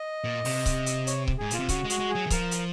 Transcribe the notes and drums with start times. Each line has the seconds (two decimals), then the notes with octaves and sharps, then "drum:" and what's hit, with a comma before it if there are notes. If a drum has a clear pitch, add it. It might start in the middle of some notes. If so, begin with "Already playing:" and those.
Already playing: D#5
0.24 A#2
0.45 C3, drum: open hi-hat
0.66 drum: kick C#1, hi-hat
0.86 drum: hi-hat
1.07 C#5, drum: hi-hat
1.28 drum: kick C#1
1.38 G#2 G#4
1.51 A#2 F4, drum: hi-hat
1.59 C3
1.69 C#3 F#4, drum: kick C#1, hi-hat
1.85 G#3
1.90 F#4, drum: hi-hat
1.99 G#3
2.10 G#4
2.15 F#3
2.27 D#3
2.30 F3 A#4, drum: kick C#1, hi-hat
2.51 drum: hi-hat